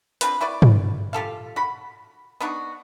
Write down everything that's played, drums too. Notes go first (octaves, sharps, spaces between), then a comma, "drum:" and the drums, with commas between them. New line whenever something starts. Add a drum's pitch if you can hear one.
C4 D4 F4 B4, drum: hi-hat
E4 F#4 B4 D5
drum: tom
F4 G4 A4 F5
F#4 B5
B3 D4 D#4 F#4